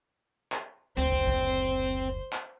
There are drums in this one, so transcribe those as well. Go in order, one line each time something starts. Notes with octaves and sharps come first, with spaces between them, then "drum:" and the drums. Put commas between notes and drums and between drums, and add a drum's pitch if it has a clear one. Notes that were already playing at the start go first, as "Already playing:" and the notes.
drum: clap
F#1 D2 C4 C5
drum: kick
drum: kick
drum: clap